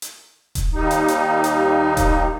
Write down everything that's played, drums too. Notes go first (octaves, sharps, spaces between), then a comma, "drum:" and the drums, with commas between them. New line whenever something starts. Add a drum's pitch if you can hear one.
drum: hi-hat
drum: kick D#1, hi-hat
D#2 G3 D#4
drum: hi-hat
drum: hi-hat
drum: hi-hat
drum: kick D#1, hi-hat